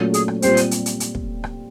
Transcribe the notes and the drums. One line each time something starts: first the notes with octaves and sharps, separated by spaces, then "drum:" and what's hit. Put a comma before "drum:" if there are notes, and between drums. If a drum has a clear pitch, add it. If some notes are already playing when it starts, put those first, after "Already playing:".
Already playing: A#2 F#3 A3 C#4
G#4, drum: hi-hat
drum: rim click
A#2 G3 C4 C5, drum: hi-hat
drum: hi-hat
drum: hi-hat
drum: hi-hat
drum: hi-hat
drum: kick
drum: rim click